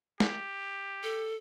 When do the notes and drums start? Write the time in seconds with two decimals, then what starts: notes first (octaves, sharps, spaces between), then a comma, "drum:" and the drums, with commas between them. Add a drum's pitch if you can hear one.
0.20 G4, drum: snare
1.03 A4